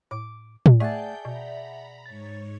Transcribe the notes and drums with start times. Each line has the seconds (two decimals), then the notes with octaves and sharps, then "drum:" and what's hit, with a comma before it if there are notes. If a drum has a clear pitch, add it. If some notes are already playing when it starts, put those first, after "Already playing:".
0.11 A2 D6
0.66 drum: tom
0.80 A3 G#4 D5 E5 F#5 G5 A5 G6
1.25 B2 A#5 B5
2.06 G#2 C#5 A6